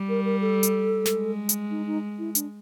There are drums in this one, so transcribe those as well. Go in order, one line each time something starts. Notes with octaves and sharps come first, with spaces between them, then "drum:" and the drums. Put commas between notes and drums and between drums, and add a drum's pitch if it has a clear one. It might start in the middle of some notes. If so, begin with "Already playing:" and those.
Already playing: G3
A#4
A#4
A4
drum: hi-hat
G#3, drum: snare
drum: hi-hat
D#4
D#4
E4
D4, drum: hi-hat